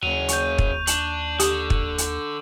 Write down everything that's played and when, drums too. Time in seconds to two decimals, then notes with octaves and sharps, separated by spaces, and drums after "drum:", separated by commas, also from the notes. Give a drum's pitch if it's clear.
0.03 D#2 C#3 F#3 D#7 F7
0.28 C#6 G6, drum: hi-hat
0.58 drum: kick
0.87 D4 E7 F#7, drum: hi-hat
1.40 D3 G4, drum: hi-hat
1.70 drum: kick
1.98 drum: hi-hat